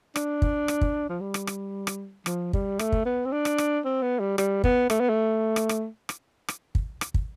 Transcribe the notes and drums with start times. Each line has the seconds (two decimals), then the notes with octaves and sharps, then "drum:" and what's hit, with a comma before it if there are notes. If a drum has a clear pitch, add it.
0.16 D4, drum: rim click
0.42 drum: kick
0.68 drum: rim click
0.81 drum: kick
1.09 F3
1.21 G3
1.34 drum: rim click
1.47 drum: rim click
1.87 drum: rim click
2.26 F3, drum: rim click
2.53 G3, drum: kick
2.79 A3, drum: rim click
2.92 drum: kick
3.05 B3
3.25 C4
3.32 D4
3.45 drum: rim click
3.58 drum: rim click
3.85 C4
4.02 B3
4.19 G3
4.38 G3, drum: rim click
4.64 B3, drum: kick
4.90 A3, drum: rim click
5.00 B3
5.09 A3
5.56 drum: rim click
5.69 drum: rim click
6.09 drum: rim click
6.48 drum: rim click
6.75 drum: kick
7.01 drum: rim click
7.14 drum: kick